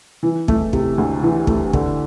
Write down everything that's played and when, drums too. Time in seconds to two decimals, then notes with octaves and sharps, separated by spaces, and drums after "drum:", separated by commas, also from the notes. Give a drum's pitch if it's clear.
0.23 E3
0.48 A3, drum: kick
0.73 C3, drum: kick
0.98 D2
1.23 E3
1.47 A3, drum: kick
1.73 D3, drum: kick